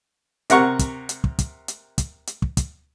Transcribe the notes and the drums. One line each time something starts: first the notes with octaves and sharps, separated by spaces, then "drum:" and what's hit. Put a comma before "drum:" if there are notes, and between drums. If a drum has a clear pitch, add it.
C3 A#4 F#5 C#6, drum: hi-hat
drum: kick, hi-hat
drum: hi-hat
drum: kick
drum: kick, hi-hat
drum: hi-hat
drum: kick, hi-hat
drum: hi-hat
drum: kick
drum: kick, hi-hat